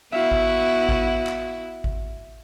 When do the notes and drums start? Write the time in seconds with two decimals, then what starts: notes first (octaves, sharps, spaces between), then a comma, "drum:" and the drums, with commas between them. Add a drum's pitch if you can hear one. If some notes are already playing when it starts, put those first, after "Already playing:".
0.12 B3 E4 F#4 E5 F5
0.31 drum: kick G#1
0.89 drum: kick G#1
1.27 drum: clap
1.84 drum: kick G#1